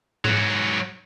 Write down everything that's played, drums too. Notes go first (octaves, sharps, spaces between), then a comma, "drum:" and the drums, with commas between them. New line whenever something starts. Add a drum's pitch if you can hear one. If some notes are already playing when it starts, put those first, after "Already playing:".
G#2 F#3, drum: tom G#2